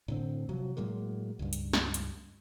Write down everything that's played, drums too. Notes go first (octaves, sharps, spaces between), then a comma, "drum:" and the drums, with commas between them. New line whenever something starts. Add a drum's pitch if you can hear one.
A2 D3 C4
C3 F3 F#3
A2 F#3 G#3 A#3
C#2 G2
drum: hi-hat
drum: snare
drum: hi-hat